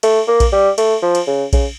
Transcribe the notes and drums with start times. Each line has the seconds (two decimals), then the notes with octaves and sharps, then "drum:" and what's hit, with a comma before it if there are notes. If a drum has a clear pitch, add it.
0.03 A3, drum: cymbal
0.28 A#3
0.40 drum: kick A#1, cymbal
0.52 G3
0.78 A3, drum: cymbal
1.02 F3
1.15 drum: cymbal
1.27 C#3
1.53 C#3, drum: kick A#1, cymbal